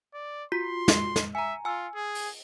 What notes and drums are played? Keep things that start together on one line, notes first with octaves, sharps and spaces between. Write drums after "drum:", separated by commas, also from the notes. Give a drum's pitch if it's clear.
D5
F4 F#4 C6 B6
drum: snare
drum: snare
E5 G#5 A#5
F4 G#5 E6
G#4
drum: open hi-hat